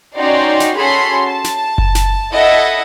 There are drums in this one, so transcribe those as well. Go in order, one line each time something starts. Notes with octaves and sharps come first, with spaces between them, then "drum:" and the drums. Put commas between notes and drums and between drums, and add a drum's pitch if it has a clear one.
C#4 D#4 F#4 D5 G5 C6
drum: snare
C#4 F#4 G#4 A4 B5 C6
A5
drum: snare
drum: kick F#1
drum: snare
E4 A4 D#5 E5 F#5